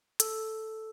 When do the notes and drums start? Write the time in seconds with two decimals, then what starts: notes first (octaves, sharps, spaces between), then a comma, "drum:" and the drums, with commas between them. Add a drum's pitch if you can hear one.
0.20 A4, drum: hi-hat